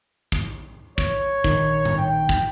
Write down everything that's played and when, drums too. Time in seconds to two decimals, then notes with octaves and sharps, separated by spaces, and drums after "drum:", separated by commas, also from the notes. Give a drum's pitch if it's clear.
0.32 drum: kick
0.98 C#5, drum: kick
1.44 A#1 D#3, drum: kick
1.85 drum: tom A2
1.98 G5
2.29 drum: kick